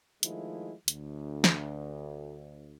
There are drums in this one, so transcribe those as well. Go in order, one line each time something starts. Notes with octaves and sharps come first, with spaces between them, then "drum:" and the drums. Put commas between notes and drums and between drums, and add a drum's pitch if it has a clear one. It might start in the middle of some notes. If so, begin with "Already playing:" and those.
D#3 F3 G#3 A3 E4, drum: hi-hat
D2, drum: hi-hat
drum: snare